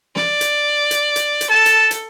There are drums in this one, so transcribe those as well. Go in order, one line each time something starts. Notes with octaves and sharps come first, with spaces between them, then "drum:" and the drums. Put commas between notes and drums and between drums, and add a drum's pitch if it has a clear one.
D5, drum: snare
drum: hi-hat
drum: hi-hat
drum: hi-hat
drum: hi-hat
A4 A5
drum: hi-hat
drum: hi-hat